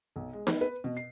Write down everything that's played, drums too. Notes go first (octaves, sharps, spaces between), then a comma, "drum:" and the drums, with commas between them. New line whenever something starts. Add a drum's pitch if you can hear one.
B1
G#3
B3, drum: snare D#4
B4
B2
C7